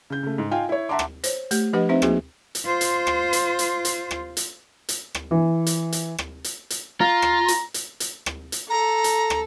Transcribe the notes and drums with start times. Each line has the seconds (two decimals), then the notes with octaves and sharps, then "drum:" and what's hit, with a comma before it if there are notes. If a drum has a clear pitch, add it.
0.10 C#3 G6
0.23 C#3 A3
0.38 G#2
0.51 D#4 F4 F5 G5 G#5
0.69 E4 C#5
0.89 E5 F#5 A5 A#5 C6 D6
0.99 drum: rim click
1.24 C5 C#5, drum: hi-hat
1.51 A3 G4, drum: hi-hat
1.73 F3 D4 G4 B4 D#5 F#5
1.89 C4 D#4 C5 E5
2.02 F3 A#3 D#4 F#4 G#4, drum: rim click
2.55 drum: hi-hat
2.66 F4 C5
2.81 drum: hi-hat
3.07 drum: rim click
3.33 drum: hi-hat
3.59 drum: hi-hat
3.85 drum: hi-hat
4.11 drum: rim click
4.37 drum: hi-hat
4.89 drum: hi-hat
5.15 drum: rim click
5.31 E3
5.66 drum: hi-hat
5.92 drum: hi-hat
6.18 drum: rim click
6.44 drum: hi-hat
6.70 drum: hi-hat
7.01 F4 A#5
7.22 drum: rim click
7.48 drum: hi-hat
7.74 drum: hi-hat
8.00 drum: hi-hat
8.26 drum: rim click
8.52 drum: hi-hat
8.70 A4 A#5
9.04 drum: hi-hat
9.30 drum: rim click